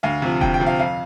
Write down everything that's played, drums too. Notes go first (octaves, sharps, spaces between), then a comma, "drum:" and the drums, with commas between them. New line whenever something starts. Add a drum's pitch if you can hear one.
D2 F5
C3 F3
D2 G5, drum: kick E1
G5
C3 F3
F5
F2 F5